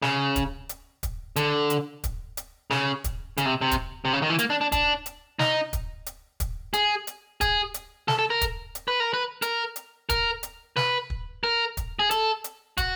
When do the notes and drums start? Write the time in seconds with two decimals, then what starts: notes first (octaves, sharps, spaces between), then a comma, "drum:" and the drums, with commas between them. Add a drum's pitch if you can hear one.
0.02 C#3, drum: snare
0.36 drum: kick, hi-hat
0.69 drum: hi-hat
1.03 drum: kick, hi-hat
1.36 D3, drum: hi-hat
1.70 drum: hi-hat
2.04 drum: kick, hi-hat
2.37 drum: hi-hat
2.71 C#3, drum: snare
3.04 drum: kick, hi-hat
3.38 C#3, drum: hi-hat
3.46 C3
3.61 C3
3.71 drum: kick, hi-hat
4.05 C3
4.13 C#3
4.22 D#3
4.30 E3
4.39 A#3, drum: hi-hat
4.50 D4
4.61 D4
4.72 D4, drum: kick, hi-hat
5.06 drum: hi-hat
5.39 D#4, drum: snare
5.73 drum: kick, hi-hat
6.06 drum: hi-hat
6.40 drum: kick, hi-hat
6.74 G#4, drum: hi-hat
7.07 drum: hi-hat
7.41 G#4, drum: kick, hi-hat
7.74 drum: hi-hat
8.08 A4, drum: snare
8.19 A4
8.30 A#4
8.41 drum: kick, hi-hat
8.75 drum: hi-hat
8.88 B4
9.00 A#4
9.14 B4
9.42 A#4, drum: hi-hat
9.76 drum: hi-hat
10.10 A#4, drum: kick, hi-hat
10.43 drum: hi-hat
10.77 B4, drum: snare
11.10 drum: kick
11.44 A#4
11.77 drum: kick, hi-hat
11.99 G#4
12.11 A4, drum: hi-hat
12.44 drum: hi-hat
12.78 F#4, drum: kick, hi-hat